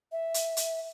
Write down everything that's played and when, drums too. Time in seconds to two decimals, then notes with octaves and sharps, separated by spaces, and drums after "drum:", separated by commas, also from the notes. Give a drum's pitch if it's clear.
0.12 E5
0.34 drum: hi-hat
0.57 drum: hi-hat